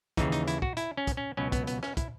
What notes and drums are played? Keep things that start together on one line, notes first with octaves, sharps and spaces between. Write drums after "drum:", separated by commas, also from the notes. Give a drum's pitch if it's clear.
D#2 C#3 E3 D#4, drum: kick, hi-hat
D#4, drum: hi-hat
E4, drum: hi-hat
F#4, drum: kick
E4, drum: hi-hat
C#4
drum: kick, hi-hat
C#4
C#2 B2 F#3 C#4
B3, drum: kick, hi-hat
B3, drum: hi-hat
C#4, drum: rim click
E4, drum: kick, hi-hat